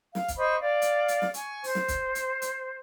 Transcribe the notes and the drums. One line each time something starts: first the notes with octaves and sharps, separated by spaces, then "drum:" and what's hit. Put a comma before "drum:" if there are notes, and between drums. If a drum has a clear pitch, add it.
F5, drum: snare
drum: kick, hi-hat
C5 D#5 B5 C#6
D5 F5
drum: hi-hat
drum: hi-hat
drum: snare
G#5 C#6, drum: hi-hat
C5, drum: open hi-hat
drum: snare
drum: kick, hi-hat
drum: hi-hat
drum: hi-hat